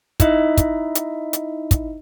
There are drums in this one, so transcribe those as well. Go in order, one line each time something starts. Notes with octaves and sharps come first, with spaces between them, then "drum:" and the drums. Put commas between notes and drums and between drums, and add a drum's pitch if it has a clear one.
D#4 E4 D#5 E5, drum: kick, hi-hat
drum: kick, hi-hat
drum: hi-hat
drum: hi-hat
drum: kick, hi-hat